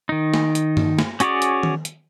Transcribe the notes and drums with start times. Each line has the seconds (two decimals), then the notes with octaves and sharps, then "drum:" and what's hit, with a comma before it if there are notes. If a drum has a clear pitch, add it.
0.09 D#3 D#4
0.34 drum: snare
0.55 drum: hi-hat
0.77 drum: tom G2
0.98 drum: snare
1.20 C#4 F#4 G#4 C#5 D5, drum: hi-hat
1.42 drum: hi-hat
1.63 drum: tom D#3
1.85 drum: hi-hat